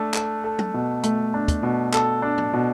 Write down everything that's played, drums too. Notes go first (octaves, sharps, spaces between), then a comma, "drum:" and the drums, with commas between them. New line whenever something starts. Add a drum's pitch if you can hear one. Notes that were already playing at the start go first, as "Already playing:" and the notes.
Already playing: A3 D4 A4
A4, drum: clap
A4
drum: tom F#3
B2
A3, drum: hi-hat
D4
drum: kick, hi-hat
B2
A4, drum: clap
D4
drum: tom A2
B2